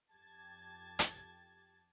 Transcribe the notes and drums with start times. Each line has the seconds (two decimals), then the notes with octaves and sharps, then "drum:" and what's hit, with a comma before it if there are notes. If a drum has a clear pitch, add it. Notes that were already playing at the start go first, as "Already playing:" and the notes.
0.13 F2 G4 A5 G#6 A6
0.99 drum: hi-hat